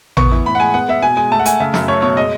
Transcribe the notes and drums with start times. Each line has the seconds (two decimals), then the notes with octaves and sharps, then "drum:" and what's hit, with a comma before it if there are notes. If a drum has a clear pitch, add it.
0.17 B3 C#6, drum: tom A1
0.31 E3
0.46 A2 B5
0.55 F#5
0.60 G#3 G#5
0.74 B3 F#5
0.88 B3 E5
1.02 B2 G#5
1.17 G#3 G#5
1.31 A3 A5
1.39 F#5
1.45 A3 G#5, drum: hi-hat
1.60 C#3 E5
1.74 F#2, drum: snare
1.88 A3 C#5
2.02 B2 C#5
2.17 G#3 D#5